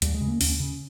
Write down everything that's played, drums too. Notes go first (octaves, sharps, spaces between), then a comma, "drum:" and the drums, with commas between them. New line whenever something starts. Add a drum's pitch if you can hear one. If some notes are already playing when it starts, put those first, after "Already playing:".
D#2 G3, drum: hi-hat
G#3
C#3
A#3
D#2 C#4, drum: open hi-hat
C#3